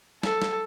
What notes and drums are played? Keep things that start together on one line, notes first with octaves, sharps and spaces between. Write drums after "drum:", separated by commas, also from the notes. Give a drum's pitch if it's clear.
A4, drum: snare
drum: snare